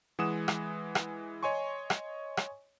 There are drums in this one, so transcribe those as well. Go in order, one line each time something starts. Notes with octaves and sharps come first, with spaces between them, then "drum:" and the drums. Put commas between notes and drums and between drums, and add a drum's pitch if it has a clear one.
E3 G#3 F#5 D#6 E7
drum: rim click
drum: rim click
C#5 D#5 G#5 C6 C#6
drum: rim click
drum: rim click